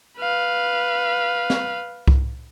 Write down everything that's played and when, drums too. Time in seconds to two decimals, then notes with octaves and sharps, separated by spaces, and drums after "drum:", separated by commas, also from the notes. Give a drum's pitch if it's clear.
0.18 B4 F5
1.50 drum: snare
2.08 drum: kick C2